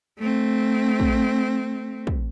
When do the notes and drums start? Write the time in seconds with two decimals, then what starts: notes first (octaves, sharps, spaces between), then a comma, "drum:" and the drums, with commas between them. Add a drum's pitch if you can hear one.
0.19 A3 C4
1.00 drum: kick
2.07 drum: kick